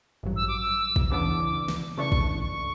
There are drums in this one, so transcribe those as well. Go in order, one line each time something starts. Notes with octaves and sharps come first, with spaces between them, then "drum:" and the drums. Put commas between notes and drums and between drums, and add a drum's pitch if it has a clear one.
A1 G2 F#3
E6
D6
E6
drum: kick
E2 C#3 E3 B3 D4 D6
drum: snare
C#3 E3 A3 D4 C#6
drum: kick
C#6